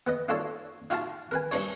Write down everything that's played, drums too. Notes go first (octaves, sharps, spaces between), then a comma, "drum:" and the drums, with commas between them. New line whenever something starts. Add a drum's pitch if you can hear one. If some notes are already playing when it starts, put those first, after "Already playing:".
B3 B4 D#5
D#4 F4 F#4 A4 C#5 D5
D#4 F4 F#4 F5 A5, drum: hi-hat
A#4 B4 G#5
G2 D4 C#5, drum: open hi-hat